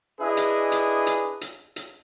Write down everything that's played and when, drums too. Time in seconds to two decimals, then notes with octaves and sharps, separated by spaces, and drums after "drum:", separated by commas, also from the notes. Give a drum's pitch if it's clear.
0.20 D4 E4 G#4 B4 D#5
0.37 drum: hi-hat
0.72 drum: hi-hat
1.07 drum: hi-hat
1.41 drum: hi-hat
1.76 drum: hi-hat